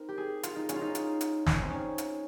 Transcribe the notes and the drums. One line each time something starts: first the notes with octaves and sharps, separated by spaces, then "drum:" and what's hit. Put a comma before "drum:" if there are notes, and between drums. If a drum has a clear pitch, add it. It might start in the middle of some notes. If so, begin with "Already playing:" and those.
Already playing: C4 D#4 A#4
G4
G#4
F4, drum: hi-hat
D#4
C#4, drum: hi-hat
F4
D#4
drum: hi-hat
drum: hi-hat
D#4, drum: snare
C#4
C4
C#4
drum: hi-hat